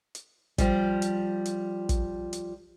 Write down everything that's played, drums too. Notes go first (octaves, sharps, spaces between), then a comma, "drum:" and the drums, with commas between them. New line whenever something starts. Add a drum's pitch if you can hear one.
drum: hi-hat
F3 G3, drum: kick, hi-hat
drum: hi-hat
drum: hi-hat
drum: kick, hi-hat
drum: hi-hat